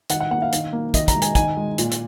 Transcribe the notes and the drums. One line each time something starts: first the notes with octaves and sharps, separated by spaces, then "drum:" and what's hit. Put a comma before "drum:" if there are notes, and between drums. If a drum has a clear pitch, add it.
D#3 F#5, drum: hi-hat
F#5
A#3 F#5
F5
D#3, drum: hi-hat
A#3
D#3 D#5, drum: kick, hi-hat
A#5, drum: kick, hi-hat
G#3
G#5, drum: hi-hat
D#3 G#5, drum: kick, hi-hat
G#3
A#2, drum: hi-hat
drum: hi-hat